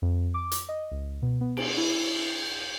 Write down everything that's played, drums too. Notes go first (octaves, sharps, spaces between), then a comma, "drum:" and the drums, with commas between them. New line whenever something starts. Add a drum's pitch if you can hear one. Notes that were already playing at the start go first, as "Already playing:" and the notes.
F2
D6
drum: hi-hat
D#5
C#2
B2
B3
D7, drum: cymbal
E4
G6